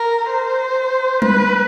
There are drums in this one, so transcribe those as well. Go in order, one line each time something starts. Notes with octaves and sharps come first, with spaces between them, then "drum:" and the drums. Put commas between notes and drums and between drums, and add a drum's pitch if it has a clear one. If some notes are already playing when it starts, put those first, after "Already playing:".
Already playing: A#4
C5
B4, drum: tom G3